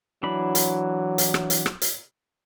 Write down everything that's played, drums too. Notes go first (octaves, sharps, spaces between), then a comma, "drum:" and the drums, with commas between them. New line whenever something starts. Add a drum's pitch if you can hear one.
E3 F#3 D4 B5
drum: hi-hat
drum: hi-hat
drum: rim click
drum: hi-hat
drum: rim click
drum: hi-hat